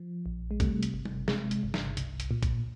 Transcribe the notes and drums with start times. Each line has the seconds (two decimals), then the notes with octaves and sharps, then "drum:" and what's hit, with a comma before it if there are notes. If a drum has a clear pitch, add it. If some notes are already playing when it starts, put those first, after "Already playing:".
Already playing: F3
0.26 A#1
0.51 G#3
0.60 C3 G3 A3, drum: kick A#1, hi-hat
0.83 drum: hi-hat
0.94 G1
1.05 drum: tom G3
1.28 C3 G#3, drum: snare
1.51 drum: hi-hat
1.63 G1
1.74 drum: snare
1.97 C2, drum: hi-hat
2.20 drum: hi-hat
2.31 A#2
2.43 drum: kick A#1, hi-hat